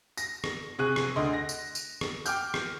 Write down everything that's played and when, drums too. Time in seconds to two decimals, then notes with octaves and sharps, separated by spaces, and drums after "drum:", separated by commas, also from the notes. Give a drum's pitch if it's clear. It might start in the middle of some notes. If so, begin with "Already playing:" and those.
0.17 A#6, drum: tambourine
0.44 drum: rim click
0.79 C3 G#4 C#6 F#6 D#7
0.96 drum: rim click
1.16 D2 D#5 C6
1.33 A#6
1.49 drum: tambourine
1.75 drum: tambourine
2.01 drum: rim click
2.26 G5 D6 F6 G6, drum: tambourine
2.54 drum: rim click